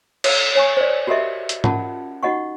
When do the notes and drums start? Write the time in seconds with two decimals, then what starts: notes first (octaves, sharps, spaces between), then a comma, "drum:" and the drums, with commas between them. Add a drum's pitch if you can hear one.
0.24 C#5, drum: cymbal
0.55 C#5 G#5 C#6
0.77 C5 D5
1.07 F#4 G4 A4 A#4 D#5 E5
1.49 drum: hi-hat
1.64 C#4 F4 A#4 F#5 A5, drum: tom
2.23 D#4 F#4 D#5 F#5 C#6